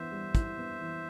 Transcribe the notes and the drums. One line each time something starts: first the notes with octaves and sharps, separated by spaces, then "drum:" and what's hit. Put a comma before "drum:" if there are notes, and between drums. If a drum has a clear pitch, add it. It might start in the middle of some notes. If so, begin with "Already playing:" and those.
Already playing: E3 B3 E4 C5 E5
G3
E4, drum: kick, hi-hat
B3
E3